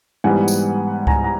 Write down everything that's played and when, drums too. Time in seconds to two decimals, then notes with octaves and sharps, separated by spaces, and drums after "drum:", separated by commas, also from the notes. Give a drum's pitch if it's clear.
0.24 G#2 E3 G3 B3 F#5 G#5
0.48 drum: tambourine
1.07 G#5 A#5, drum: kick C#2
1.24 A#5